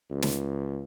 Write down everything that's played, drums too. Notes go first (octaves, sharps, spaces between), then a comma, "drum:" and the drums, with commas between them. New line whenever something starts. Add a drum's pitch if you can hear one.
C#2
drum: snare